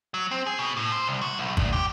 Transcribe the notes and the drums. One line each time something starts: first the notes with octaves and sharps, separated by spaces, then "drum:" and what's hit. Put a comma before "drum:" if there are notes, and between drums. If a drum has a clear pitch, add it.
F#3
C4
G#4
B2
A2
C5
C2
F#4
B1
D2, drum: kick G#1
G4